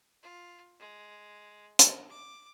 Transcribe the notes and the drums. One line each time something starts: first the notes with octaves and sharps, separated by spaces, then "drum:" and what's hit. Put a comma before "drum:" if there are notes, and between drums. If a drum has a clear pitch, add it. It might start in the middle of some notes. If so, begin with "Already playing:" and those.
F4
G#3
A#4, drum: hi-hat
D6